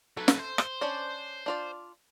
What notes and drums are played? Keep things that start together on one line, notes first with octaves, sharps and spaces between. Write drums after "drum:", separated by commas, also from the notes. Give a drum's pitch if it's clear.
F#3 A4 B4
drum: snare
C5
drum: rim click
C#4 D4 D5
D4 F4 D5